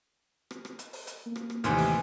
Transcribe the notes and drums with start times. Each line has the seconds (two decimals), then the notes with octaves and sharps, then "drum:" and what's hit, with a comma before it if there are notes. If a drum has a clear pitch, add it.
0.51 drum: rim click
0.65 drum: rim click
0.79 drum: hi-hat
0.93 drum: open hi-hat
1.07 drum: hi-hat
1.26 A#3
1.36 drum: rim click
1.50 drum: rim click
1.64 D#2 A2 C3 E3 G#5 C6 F6, drum: hi-hat
1.78 drum: open hi-hat